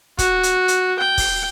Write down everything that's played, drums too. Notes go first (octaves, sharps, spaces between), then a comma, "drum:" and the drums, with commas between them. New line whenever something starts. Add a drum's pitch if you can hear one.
F#4, drum: kick, hi-hat
drum: hi-hat
drum: hi-hat
G5
drum: kick, open hi-hat